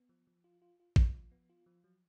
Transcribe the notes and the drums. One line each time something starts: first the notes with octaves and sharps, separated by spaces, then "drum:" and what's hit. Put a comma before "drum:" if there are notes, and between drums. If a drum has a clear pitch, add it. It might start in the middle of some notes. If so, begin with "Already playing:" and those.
Already playing: B3
F3
F3
F4
F4
F4
F4, drum: kick A1
F3
B3
F4
F3
F#3